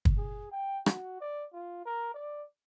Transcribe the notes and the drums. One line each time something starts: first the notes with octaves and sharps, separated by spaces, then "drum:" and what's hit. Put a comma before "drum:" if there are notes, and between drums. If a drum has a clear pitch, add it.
drum: kick
G#4
G5
F#4, drum: rim click
D5
F4
A#4
D5